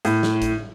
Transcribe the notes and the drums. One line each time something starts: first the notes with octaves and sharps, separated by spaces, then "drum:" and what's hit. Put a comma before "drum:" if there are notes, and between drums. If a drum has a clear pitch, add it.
A2, drum: hi-hat
drum: snare
drum: kick, hi-hat